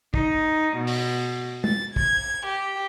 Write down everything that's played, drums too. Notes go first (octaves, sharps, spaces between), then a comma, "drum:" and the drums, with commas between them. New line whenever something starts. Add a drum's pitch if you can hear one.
D#4, drum: kick
B2
drum: open hi-hat
A6, drum: tom
G#6, drum: kick
G4